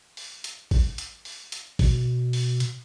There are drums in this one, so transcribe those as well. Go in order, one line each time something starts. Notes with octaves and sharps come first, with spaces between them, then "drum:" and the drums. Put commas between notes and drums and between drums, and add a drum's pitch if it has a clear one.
drum: open hi-hat
drum: hi-hat
drum: kick A1, open hi-hat
drum: hi-hat
drum: open hi-hat
drum: hi-hat
B2, drum: kick A1, open hi-hat
drum: open hi-hat
drum: hi-hat